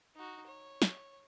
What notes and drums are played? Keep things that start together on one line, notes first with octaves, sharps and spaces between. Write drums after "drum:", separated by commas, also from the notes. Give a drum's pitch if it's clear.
D#4 F#4
C#5
drum: snare